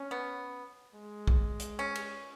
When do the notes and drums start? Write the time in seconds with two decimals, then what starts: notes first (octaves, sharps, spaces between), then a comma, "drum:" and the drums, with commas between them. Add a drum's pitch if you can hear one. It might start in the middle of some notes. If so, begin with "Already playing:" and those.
Already playing: C#4
0.11 B3
0.95 G#3
1.27 drum: kick
1.60 drum: hi-hat
1.79 C#4
1.95 drum: cymbal